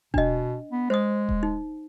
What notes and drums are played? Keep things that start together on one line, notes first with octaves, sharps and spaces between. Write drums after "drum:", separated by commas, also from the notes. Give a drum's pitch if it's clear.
B2 D4 D#5, drum: kick D#1
B3
G#3 C5 D#6
drum: kick D#1
D#4